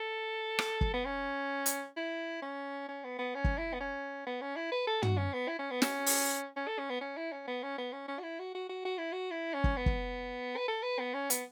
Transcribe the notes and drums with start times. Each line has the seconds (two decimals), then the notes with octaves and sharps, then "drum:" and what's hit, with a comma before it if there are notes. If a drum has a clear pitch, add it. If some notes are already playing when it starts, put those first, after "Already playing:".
Already playing: A4
0.59 drum: rim click
0.81 drum: kick
0.94 B3
1.05 C#4
1.66 drum: hi-hat
1.97 E4
2.42 C#4
2.89 C#4
3.04 B3
3.19 B3
3.35 C#4
3.44 drum: kick
3.58 E4
3.74 B3
3.81 C#4
4.27 B3
4.41 C#4
4.56 E4
4.72 B4
4.87 A4
5.02 F#4, drum: tom
5.17 C#4
5.33 B3
5.48 E4
5.59 C#4
5.71 B3
5.82 C#4, drum: snare
6.06 drum: open hi-hat
6.56 C#4
6.68 A4
6.79 C#4
6.90 B3
7.01 C#4
7.17 E4
7.32 C#4
7.48 B3
7.63 C#4
7.78 B3
7.93 C#4
8.08 C#4
8.19 F#4
8.23 E4
8.39 F#4
8.55 F#4
8.69 F#4
8.85 F#4
8.98 E4
9.12 F#4
9.31 E4
9.54 C#4
9.64 drum: kick
9.77 B3
9.86 drum: kick
10.57 B4
10.68 A4
10.83 B4
10.99 B3
11.14 C#4
11.30 B3, drum: hi-hat